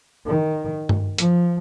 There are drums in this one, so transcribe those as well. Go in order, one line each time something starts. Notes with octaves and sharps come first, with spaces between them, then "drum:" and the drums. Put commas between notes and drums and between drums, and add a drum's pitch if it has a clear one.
D#3
drum: tom G2
F3, drum: hi-hat